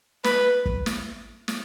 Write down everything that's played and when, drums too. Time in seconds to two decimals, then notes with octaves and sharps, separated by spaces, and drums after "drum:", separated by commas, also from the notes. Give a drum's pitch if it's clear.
0.24 B4, drum: snare
0.66 drum: kick
0.86 drum: snare
1.48 drum: snare